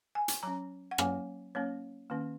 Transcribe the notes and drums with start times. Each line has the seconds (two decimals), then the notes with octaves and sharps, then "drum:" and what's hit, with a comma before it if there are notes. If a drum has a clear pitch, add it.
0.15 G#5
0.28 drum: hi-hat
0.43 F#3 C#4 A#5
0.91 F#5
0.98 F#3 A#3 C#4 G#5, drum: rim click
1.55 F#3 A#3 C#4 C#5
2.10 D#3 A#3 C#4